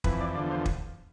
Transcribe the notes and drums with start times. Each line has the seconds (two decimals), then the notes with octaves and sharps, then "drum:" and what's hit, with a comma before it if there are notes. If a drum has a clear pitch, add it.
0.04 F2 E3 B4, drum: kick
0.21 D5
0.35 E2 D3 F3 D5
0.50 C5
0.66 drum: kick